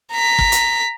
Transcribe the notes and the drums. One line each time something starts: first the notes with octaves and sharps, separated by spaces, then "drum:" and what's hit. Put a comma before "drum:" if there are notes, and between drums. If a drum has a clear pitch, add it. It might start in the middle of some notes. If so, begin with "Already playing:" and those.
A#5 B6
drum: kick
drum: hi-hat